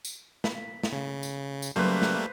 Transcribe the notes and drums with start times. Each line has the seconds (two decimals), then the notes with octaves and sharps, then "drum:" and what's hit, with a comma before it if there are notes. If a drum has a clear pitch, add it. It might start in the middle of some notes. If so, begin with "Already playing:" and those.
0.05 drum: tambourine
0.44 B5, drum: snare
0.83 drum: snare
0.93 C#3
1.23 drum: tambourine
1.62 drum: tambourine
1.76 C#3 F#3 G3 A3 A#3 B4 C5
2.02 drum: snare